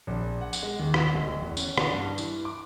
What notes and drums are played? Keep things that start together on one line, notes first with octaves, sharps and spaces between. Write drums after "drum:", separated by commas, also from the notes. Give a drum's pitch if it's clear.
A#1
F#5
drum: tambourine
G#3
D#2
drum: rim click
D1
E2
C#4, drum: tambourine
D4, drum: rim click
G2
E3, drum: tambourine
D6